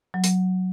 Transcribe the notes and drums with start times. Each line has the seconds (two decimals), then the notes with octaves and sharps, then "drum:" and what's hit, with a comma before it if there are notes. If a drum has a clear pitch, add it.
0.14 F#3
0.24 drum: hi-hat